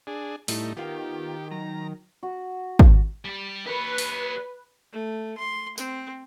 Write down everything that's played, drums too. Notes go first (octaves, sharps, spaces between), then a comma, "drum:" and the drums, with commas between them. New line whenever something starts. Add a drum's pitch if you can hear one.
D4 G#4
A2 G3 A3 D#4 E4, drum: open hi-hat
D#3 B3 F4 G4 F5
F#3 A#5
F#4
drum: kick
G3 G4
G4 B4 C#5
drum: open hi-hat
A3
C6
C4, drum: tambourine